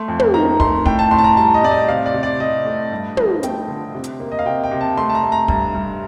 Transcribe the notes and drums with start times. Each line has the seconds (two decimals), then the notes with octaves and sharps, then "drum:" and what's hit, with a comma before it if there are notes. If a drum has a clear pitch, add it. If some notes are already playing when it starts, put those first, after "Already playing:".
Already playing: A3 C6
0.08 F2
0.19 drum: tom
0.34 D#3 A#5
0.60 A3 C6, drum: kick
0.86 A2 G5, drum: kick
0.99 A5
1.11 A2 C6
1.19 A5
1.24 A#5
1.37 G3 A5
1.54 D#5
1.63 A2 D5
1.71 D#5
1.88 C3 F5
2.06 D5
2.14 C3
2.23 D5
2.40 C3 D#5
2.65 A3
2.92 G2
3.17 F3, drum: tom
3.43 A3 G5, drum: hi-hat
3.68 D3
3.94 C3
4.04 drum: hi-hat
4.20 A#3
4.32 D#5
4.39 F5
4.46 C3 G5
4.64 G5
4.71 C3
4.81 A5
4.97 A3 C6
5.09 A5
5.15 A#5
5.23 A3
5.32 A#5
5.48 G2, drum: kick
5.75 G2